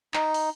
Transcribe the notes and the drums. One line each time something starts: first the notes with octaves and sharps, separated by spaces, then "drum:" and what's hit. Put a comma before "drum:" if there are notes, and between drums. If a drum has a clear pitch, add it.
D#4, drum: clap
drum: open hi-hat